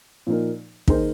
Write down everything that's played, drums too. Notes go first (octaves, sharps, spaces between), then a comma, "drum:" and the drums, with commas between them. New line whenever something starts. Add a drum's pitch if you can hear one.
A#2 F3 A#3 D#4
D#3 A#3 D#4 G#4 C5, drum: kick